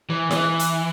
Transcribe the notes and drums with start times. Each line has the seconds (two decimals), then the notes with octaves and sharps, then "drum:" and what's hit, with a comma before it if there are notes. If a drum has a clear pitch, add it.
0.10 E3
0.31 E3, drum: snare E4
0.59 drum: hi-hat